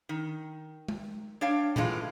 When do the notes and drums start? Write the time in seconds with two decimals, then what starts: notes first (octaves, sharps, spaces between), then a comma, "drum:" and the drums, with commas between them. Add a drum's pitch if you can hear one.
0.09 D#3
0.88 drum: tom G#3
1.41 D4 C#5 F5 G5
1.76 F#2 A2 E3 G#3 F4, drum: tom A#2